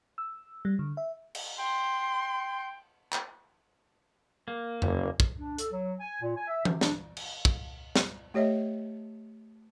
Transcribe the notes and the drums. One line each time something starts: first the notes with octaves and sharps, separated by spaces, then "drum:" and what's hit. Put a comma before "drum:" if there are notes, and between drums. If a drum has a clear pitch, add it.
E6
G3
D3
E5
drum: cymbal
G5 C6
drum: clap
A#3
F#1, drum: tom F2
drum: kick
D4
A4, drum: hi-hat
F#3
G#5
A#2
G#5
E5
C3, drum: tom E3
D4, drum: snare
drum: cymbal
drum: kick
drum: snare
A3 G4 C#5 D#5 E5